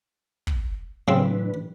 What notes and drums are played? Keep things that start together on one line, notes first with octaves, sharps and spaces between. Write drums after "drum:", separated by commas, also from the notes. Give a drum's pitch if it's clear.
drum: kick
A2 C#3 E3 F#3 C4 D4 B4